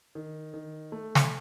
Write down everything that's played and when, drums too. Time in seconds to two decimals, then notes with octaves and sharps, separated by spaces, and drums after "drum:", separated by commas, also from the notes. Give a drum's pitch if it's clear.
0.15 D#3
0.54 D#3
0.92 A3
1.15 drum: snare